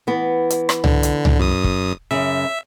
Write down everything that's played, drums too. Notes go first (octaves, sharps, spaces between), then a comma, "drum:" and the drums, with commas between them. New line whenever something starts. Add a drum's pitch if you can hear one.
E3 B3
drum: hi-hat
drum: rim click
D3, drum: tom C2
drum: hi-hat
drum: tom C2
F#2 D#6
drum: kick
F#2 C#3 E5